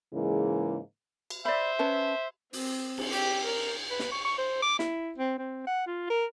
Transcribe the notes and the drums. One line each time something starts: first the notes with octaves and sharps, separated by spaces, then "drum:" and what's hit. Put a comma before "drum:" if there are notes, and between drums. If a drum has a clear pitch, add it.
G#2 C#3 E3 G#3 A#3
drum: cymbal
C5 D5 E5 B5
C#4 B4 A5
C4, drum: open hi-hat
drum: cymbal
G4, drum: hi-hat
A#4
B4
drum: snare
C#6
C#6
C5
D6
E4, drum: snare
C4
C4
F#5
F4
A#4